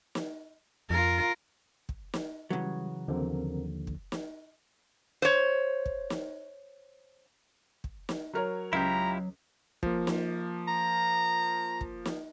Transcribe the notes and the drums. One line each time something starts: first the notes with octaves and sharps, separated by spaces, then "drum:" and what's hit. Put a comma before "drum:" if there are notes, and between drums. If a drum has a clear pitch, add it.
drum: snare
F2 F4 A#4
drum: kick
drum: snare
C#3 E3 F#3 G3
D#2 D3 F3 A#3 C4 A#4
drum: kick
drum: snare
C5 C#5
drum: kick
drum: snare
drum: kick
drum: snare
F#3 A#4 C#5
C#2 F#3 E4 F4 G4 A#5
F3 A#3, drum: kick
drum: snare
A#5
drum: kick
drum: snare